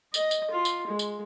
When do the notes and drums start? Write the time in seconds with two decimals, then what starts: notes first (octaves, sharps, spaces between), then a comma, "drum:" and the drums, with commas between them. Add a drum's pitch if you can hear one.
0.14 D#5, drum: tambourine
0.31 drum: tambourine
0.51 F4
0.65 drum: tambourine
0.88 G#3
0.99 drum: tambourine